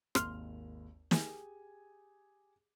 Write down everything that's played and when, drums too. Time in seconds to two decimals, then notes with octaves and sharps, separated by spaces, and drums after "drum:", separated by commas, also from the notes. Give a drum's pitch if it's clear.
0.15 G#1 D#2 C6 F6 F7, drum: rim click
1.11 G4 G#4 G#5, drum: snare